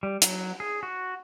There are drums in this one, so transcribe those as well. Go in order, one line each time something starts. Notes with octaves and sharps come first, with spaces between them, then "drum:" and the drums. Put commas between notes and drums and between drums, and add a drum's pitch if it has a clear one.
G3
F#3, drum: hi-hat
G#4
F#4